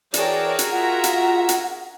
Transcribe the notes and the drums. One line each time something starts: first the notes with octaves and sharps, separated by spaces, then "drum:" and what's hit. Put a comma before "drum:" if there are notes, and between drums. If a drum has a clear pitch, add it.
E3 F#4 G#4 A#4 C#5 D5 G5 A5, drum: hi-hat
drum: hi-hat
F4 E5 F#5 A#5
drum: hi-hat
drum: hi-hat